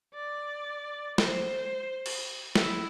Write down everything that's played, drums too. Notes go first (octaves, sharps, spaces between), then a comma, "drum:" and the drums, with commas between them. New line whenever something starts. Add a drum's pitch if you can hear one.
D5
C5, drum: snare
drum: cymbal
E4, drum: snare